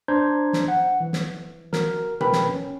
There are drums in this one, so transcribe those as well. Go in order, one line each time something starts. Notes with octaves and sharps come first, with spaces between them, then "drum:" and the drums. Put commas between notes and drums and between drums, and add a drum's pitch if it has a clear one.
D4 C5 A#5 G6 G#6
drum: snare
F#5
E3
drum: snare
F#4 A#4, drum: snare
A#4 B4 G5 B5, drum: tom B2
drum: snare
C#4